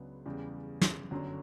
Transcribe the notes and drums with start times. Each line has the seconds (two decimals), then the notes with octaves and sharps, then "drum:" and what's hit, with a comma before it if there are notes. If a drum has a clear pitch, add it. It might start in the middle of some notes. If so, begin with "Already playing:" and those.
Already playing: C#2 C#3 F#3 B3 D4
0.26 E2 C#3 G3 C#4 G4
0.81 drum: snare
1.11 G1 F#2 D3 F#3